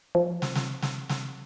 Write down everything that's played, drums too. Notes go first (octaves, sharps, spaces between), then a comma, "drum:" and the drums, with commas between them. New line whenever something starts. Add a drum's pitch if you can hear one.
F3
drum: snare
drum: snare
drum: snare
drum: snare